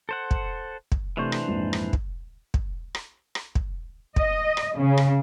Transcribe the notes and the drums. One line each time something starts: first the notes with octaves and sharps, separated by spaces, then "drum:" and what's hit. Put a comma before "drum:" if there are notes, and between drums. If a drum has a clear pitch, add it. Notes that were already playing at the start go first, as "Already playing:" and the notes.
A4 C5 F#5
drum: kick
drum: kick
C3 E3 A3 D4 C5 C#6
drum: rim click
A#1 F2 G#2
drum: rim click
drum: kick
drum: kick
drum: rim click
drum: rim click
drum: kick
D#5, drum: kick
drum: rim click
C#3
drum: rim click